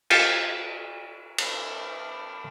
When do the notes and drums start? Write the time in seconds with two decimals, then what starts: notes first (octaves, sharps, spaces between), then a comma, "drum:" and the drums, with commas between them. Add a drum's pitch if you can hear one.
0.10 F4 G4 A4 C5 D#5, drum: cymbal
1.38 drum: cymbal